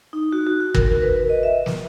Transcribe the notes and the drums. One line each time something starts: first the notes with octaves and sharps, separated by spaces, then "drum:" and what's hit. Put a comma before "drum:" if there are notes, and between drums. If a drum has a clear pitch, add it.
D#4
F#4
F#4
F#4
A#4, drum: kick
A#4
B4
D#5
E5
drum: snare